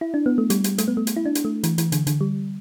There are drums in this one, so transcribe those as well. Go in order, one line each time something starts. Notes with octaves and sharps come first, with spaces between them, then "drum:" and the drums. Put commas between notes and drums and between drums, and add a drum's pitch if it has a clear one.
E4
D4
B3
A3
G3, drum: hi-hat
drum: hi-hat
A3, drum: hi-hat
B3
A3
drum: hi-hat
E4
D4
drum: hi-hat
A3
E3, drum: hi-hat
E3, drum: hi-hat
D3, drum: hi-hat
D3, drum: hi-hat
G3